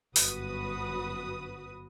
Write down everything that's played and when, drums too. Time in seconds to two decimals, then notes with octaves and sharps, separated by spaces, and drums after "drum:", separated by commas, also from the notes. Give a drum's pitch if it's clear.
0.16 G1 F#2 F#4 B4 D#6, drum: open hi-hat